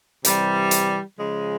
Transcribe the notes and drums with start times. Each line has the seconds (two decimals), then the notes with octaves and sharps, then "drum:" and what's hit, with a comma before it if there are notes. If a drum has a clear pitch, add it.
0.25 C3 E3 G3, drum: hi-hat
0.71 drum: hi-hat
1.18 C#3 F3 G#3